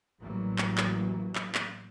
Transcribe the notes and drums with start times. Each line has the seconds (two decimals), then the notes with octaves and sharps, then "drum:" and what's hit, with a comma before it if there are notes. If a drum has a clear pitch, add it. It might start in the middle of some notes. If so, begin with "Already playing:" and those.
0.20 A1 A2 E3 F#3 G3 A#3
0.58 drum: clap
0.78 drum: clap
1.35 drum: clap
1.55 drum: clap